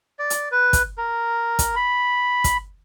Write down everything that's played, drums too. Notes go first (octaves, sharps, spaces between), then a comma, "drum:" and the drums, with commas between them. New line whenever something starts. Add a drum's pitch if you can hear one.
D5
drum: hi-hat
B4
drum: kick, hi-hat
A#4
drum: kick, hi-hat
B5
drum: kick, hi-hat